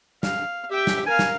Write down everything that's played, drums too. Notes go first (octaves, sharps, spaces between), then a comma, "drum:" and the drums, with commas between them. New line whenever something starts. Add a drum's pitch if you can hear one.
F5, drum: snare
G4 E5 G5
drum: snare
A#4 F5 G#5
drum: snare